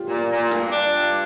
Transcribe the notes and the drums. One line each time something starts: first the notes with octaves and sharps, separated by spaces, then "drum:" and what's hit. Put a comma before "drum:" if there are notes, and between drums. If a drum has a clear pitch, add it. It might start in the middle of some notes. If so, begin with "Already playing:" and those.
Already playing: F4 G4
A#2
A#2
G2, drum: snare
D4, drum: hi-hat
G2, drum: hi-hat